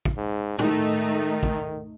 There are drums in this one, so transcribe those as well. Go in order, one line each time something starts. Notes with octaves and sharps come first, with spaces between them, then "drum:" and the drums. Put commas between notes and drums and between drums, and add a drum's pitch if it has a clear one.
drum: kick
G#2
D#3 A3 D#4, drum: tom A2
drum: kick